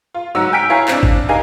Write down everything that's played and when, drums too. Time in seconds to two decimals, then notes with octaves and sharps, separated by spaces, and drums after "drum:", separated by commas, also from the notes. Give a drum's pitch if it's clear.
0.14 F4
0.35 G#2 F#3 F#5 E6
0.53 G5 G#5 F6 B6 D7
0.70 E4 C#5 F5 G#5 A#5
0.88 C4 D4, drum: clap
1.03 drum: kick G#1
1.29 D#4 G4 A#4 F5 G#5